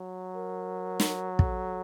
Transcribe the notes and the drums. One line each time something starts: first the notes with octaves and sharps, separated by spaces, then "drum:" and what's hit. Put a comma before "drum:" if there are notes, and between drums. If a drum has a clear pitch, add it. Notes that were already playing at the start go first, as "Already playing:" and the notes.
Already playing: F#3
A#4
drum: snare
A4, drum: kick